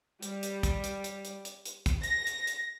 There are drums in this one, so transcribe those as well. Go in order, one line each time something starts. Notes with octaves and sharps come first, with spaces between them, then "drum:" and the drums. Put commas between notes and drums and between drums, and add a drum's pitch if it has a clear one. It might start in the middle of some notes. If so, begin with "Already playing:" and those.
G3, drum: hi-hat
drum: hi-hat
drum: kick, hi-hat
drum: hi-hat
drum: hi-hat
drum: hi-hat
drum: hi-hat
drum: hi-hat
drum: kick, hi-hat
A#6, drum: hi-hat
drum: hi-hat
drum: hi-hat